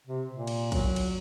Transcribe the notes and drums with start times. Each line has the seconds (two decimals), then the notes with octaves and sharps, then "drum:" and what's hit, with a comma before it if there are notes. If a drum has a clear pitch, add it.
0.07 C3
0.31 A#2
0.47 drum: cymbal
0.72 F#3, drum: kick, cymbal
0.96 drum: cymbal